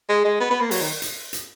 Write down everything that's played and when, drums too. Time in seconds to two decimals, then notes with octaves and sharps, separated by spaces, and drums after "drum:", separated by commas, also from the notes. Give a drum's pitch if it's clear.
0.09 G#3
0.24 G#3
0.40 B3
0.50 B3
0.61 A#3
0.71 F#3, drum: open hi-hat
0.81 D#3
1.02 drum: hi-hat
1.33 drum: hi-hat